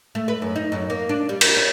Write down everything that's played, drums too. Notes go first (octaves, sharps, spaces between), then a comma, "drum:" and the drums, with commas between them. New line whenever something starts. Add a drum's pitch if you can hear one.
A3
B4
F#2
D#4
F#2
A#3
D4
G3
A#4, drum: cymbal
C#4